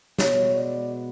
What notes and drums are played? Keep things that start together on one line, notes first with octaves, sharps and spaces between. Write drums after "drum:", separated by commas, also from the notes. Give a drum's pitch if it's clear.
B2 G#3 B3 C#5, drum: snare
D5